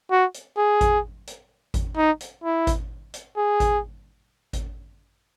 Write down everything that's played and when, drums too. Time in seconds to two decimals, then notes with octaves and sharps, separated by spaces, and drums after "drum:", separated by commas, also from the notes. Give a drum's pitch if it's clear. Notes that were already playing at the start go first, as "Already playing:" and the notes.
0.11 F#4
0.34 drum: hi-hat
0.57 G#4
0.81 drum: kick G#1, hi-hat
1.27 drum: hi-hat
1.74 drum: kick G#1, hi-hat
1.97 D#4
2.21 drum: hi-hat
2.44 E4
2.67 drum: kick G#1, hi-hat
3.14 drum: hi-hat
3.37 G#4
3.60 drum: kick G#1, hi-hat
4.53 drum: kick G#1, hi-hat